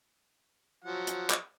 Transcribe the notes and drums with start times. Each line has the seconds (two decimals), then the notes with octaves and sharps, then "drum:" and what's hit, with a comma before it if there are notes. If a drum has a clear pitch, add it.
0.84 F3 F#3 F#5
1.07 drum: hi-hat
1.30 drum: clap